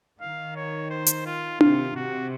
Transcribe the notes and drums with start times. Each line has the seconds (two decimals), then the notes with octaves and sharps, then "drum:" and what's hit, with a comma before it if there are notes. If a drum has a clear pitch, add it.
0.21 D#3 F5
0.56 C#5
0.90 C5
1.06 drum: hi-hat
1.26 F4
1.61 C3 F4, drum: tom D4
1.96 C3 F#4